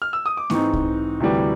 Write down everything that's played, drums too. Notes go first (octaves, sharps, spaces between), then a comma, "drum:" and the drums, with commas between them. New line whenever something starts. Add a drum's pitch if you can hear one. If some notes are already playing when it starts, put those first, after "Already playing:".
F6
E6
D#6
D6
G#2 E3 G#3 C4 D#4 C#6, drum: snare A#3
drum: kick
D2 C3 E3 G3